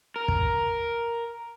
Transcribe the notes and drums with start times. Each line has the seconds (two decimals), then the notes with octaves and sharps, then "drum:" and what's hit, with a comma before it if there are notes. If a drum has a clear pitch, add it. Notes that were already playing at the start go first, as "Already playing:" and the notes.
0.16 A#4
0.28 drum: kick